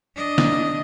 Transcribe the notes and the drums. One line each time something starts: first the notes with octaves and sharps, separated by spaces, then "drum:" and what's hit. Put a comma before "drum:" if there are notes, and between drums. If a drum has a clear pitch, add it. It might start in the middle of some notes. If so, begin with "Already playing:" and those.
D4 D#5
drum: snare